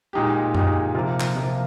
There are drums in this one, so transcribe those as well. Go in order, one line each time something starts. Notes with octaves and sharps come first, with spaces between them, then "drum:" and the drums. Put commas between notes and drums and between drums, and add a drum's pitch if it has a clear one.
A#2 G#3 D#4 G4
A#2 G#3 D#4 G4, drum: tom F#2
C3 F3 A#3 F4
drum: clap
C3 F3 A#3 F4